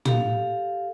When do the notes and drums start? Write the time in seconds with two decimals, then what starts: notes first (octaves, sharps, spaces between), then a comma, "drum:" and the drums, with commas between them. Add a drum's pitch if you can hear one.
0.05 G4 A4 F5, drum: tom